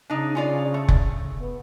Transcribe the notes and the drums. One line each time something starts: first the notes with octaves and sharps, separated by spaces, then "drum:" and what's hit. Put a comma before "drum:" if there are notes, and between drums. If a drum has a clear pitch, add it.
C#3 D4 D#4
C#4 F4 D5
A3
drum: kick F1
B3